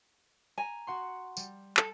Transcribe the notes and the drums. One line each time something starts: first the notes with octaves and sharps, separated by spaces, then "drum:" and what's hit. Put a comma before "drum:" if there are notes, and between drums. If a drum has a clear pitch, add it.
G#5 A#5
F#4 F#5 C6
G3, drum: tambourine
A4, drum: clap